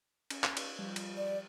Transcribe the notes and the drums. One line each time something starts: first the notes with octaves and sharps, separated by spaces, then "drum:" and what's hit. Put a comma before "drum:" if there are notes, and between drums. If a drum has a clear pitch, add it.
C#4, drum: cymbal
drum: clap
drum: cymbal
F3 G3
drum: cymbal
D5